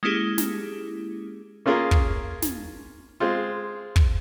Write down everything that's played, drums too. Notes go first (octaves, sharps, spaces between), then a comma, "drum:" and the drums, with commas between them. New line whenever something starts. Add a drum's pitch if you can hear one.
G#3 A#3 C#4 E4 G4 G#4
drum: snare
A#3 C#4 F4 G#4 A#4
drum: kick
drum: snare
G#3 C4 F4
drum: kick